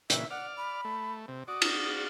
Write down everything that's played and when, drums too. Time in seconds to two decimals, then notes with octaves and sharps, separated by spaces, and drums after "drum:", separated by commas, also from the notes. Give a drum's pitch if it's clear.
0.10 A#2 C#3 E3 E5, drum: hi-hat
0.30 D5 F#5 F6
0.57 B5
0.85 A3
1.28 C3
1.48 F#4 D5 D#6
1.62 drum: cymbal